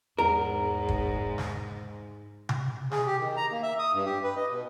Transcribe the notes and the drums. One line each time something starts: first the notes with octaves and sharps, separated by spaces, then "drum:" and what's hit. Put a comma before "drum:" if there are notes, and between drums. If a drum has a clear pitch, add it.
E2 G#2 A#4
drum: kick
drum: snare
drum: tom C3
G#4, drum: snare
G4
D#3
A#5
A#3
E5
D#6
G2
G4
B4
D#5
B2